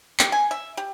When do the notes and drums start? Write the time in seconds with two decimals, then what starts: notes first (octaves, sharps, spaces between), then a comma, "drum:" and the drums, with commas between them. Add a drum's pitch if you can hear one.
0.19 G4, drum: clap
0.32 G#5
0.51 E5
0.77 G4